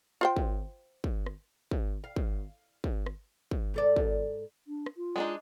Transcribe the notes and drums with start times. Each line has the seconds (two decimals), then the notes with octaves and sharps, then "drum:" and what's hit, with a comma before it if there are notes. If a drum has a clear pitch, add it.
0.21 F4 C5 G5
0.36 drum: kick
1.04 drum: kick
1.26 drum: rim click
1.71 drum: kick
2.04 F5
2.16 drum: kick
2.84 drum: kick
3.06 drum: rim click
3.51 drum: kick
3.74 G#2 A4 D5
3.96 drum: kick
4.67 D4
4.86 drum: rim click
4.97 F4
5.16 G#3 D4 D#4